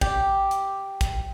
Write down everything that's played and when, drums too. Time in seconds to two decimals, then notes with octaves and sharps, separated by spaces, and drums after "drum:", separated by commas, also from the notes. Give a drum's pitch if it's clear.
0.01 G4, drum: kick
0.51 drum: hi-hat
1.01 drum: kick, hi-hat